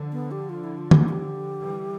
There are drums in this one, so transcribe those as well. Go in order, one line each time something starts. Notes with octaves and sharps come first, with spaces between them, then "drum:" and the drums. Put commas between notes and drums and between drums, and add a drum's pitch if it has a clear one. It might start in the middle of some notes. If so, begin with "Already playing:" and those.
Already playing: D3 F3
B3
G4
F4
E4
F4
G4, drum: tom
G4
E3 G3